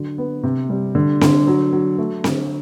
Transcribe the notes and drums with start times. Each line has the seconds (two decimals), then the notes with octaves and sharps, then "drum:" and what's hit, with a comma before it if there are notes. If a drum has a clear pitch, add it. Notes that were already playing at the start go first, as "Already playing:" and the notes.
Already playing: D3 F#3
0.18 B3
0.43 C3
0.69 G3
0.95 D3
1.21 D3, drum: snare C4
1.47 F#3
1.73 F#3
1.98 A3
2.24 D3, drum: snare C4